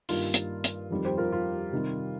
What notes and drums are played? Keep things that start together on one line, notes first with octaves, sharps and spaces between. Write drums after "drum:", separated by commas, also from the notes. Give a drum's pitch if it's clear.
G2 D#3 A#3 F4 A#4, drum: open hi-hat
drum: hi-hat
drum: hi-hat
F2 D#3 G3
G4 C5
F4 A#4
F4
C3 D#3 G3